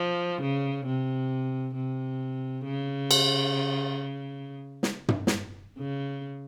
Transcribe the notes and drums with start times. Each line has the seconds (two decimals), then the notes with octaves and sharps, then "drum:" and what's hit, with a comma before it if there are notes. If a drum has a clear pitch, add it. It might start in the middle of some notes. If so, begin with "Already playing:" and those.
Already playing: F3
0.42 C#3
0.86 C3
1.75 C3
2.65 C#3
3.11 drum: cymbal
4.83 drum: snare
5.08 drum: tom
5.27 drum: snare
5.78 C#3